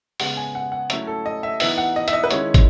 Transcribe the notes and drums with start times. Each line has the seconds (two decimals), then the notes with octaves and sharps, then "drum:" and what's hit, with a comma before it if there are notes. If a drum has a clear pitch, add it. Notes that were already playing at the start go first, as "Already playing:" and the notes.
0.20 C#3 G#3 B3 F#5, drum: open hi-hat
0.37 G#5
0.55 F#5
0.72 F#5
0.90 F#3 A3 C#4 E4 E5, drum: hi-hat
1.07 A4
1.26 D#5
1.43 E5
1.60 E3 B3 D#4 E5, drum: open hi-hat
1.78 F#5
1.96 D#5
2.08 E5, drum: hi-hat
2.13 D#5
2.24 B4
2.31 D#3 G#3 C#4 E4 C#5, drum: hi-hat
2.54 drum: kick, hi-hat